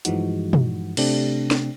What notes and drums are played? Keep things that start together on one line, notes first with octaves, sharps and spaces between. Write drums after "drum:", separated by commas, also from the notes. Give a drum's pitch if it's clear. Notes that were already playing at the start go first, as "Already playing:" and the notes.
G2 E3 F3 G#3 D#4 F#4, drum: hi-hat
drum: tom
C3 A3 C4 D4 G4, drum: cymbal
drum: snare